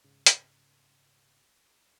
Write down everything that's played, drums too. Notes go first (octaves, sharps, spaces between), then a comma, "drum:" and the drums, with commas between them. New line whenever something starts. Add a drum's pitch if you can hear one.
G#2 C#3
drum: hi-hat